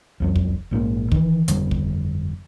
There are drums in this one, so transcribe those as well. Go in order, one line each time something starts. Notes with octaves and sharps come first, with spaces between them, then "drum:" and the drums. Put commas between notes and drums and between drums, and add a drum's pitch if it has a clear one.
C2 F2 F#3
drum: kick
A#1 G#2 C#3 A#3
D#3 E3, drum: kick
G1 F2 D3 G3, drum: hi-hat
drum: kick